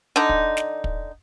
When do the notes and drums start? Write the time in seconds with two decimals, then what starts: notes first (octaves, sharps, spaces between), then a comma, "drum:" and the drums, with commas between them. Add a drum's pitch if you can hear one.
0.16 D3 D#4
0.29 drum: kick
0.57 drum: snare
0.84 drum: kick